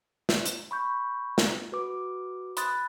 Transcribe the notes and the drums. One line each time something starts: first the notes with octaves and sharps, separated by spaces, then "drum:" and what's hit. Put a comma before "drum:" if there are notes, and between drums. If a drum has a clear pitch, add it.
drum: snare
drum: hi-hat
B5 C#6 G6
drum: snare
F#4 B4 D6
B5 C6 D#6 F#6 A6, drum: hi-hat